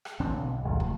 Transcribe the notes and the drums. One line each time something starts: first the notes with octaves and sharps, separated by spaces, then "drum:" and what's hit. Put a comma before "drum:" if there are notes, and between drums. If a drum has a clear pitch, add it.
drum: rim click
A1 D3 C4 D4
B1 B2
G1 D#2 G#2 F3
C3 F3 G3 A3, drum: kick